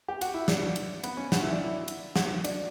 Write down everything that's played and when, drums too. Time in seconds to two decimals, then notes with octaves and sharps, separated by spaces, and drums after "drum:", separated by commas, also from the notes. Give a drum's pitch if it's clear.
0.08 G4
0.21 F#4, drum: cymbal
0.34 E4
0.48 D4, drum: snare
0.76 drum: cymbal
1.03 B3, drum: cymbal
1.17 C#4
1.32 F#4, drum: snare
1.41 E4
1.53 D4
1.63 E4
1.88 drum: cymbal
2.16 F#4, drum: snare
2.44 D4, drum: cymbal